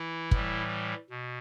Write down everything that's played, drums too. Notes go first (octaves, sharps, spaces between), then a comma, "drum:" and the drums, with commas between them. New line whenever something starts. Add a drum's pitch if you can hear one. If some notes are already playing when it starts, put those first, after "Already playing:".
Already playing: E3 E4
A2 E3 G3, drum: kick
B2